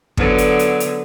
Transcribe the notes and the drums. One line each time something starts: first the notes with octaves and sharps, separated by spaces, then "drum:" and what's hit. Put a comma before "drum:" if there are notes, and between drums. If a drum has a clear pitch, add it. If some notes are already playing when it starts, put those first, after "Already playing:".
D3 F#3 B3, drum: kick
drum: hi-hat
drum: hi-hat
drum: hi-hat